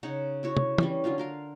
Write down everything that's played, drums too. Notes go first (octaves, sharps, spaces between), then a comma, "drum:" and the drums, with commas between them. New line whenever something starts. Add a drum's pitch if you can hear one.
C#3 D#4 C#5 F#5
E4 F#4 C#5
drum: tom
E3 G3 C#4, drum: tom
D3 F#3 F4 F5
F4 A#4 F5